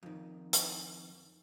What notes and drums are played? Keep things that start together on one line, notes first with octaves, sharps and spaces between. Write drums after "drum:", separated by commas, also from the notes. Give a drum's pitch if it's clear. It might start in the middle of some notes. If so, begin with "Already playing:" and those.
F2 D#3
drum: hi-hat